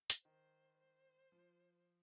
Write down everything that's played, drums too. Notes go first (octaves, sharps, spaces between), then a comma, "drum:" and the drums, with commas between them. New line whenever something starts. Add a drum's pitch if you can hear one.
drum: hi-hat
D#3 C5
C5
F3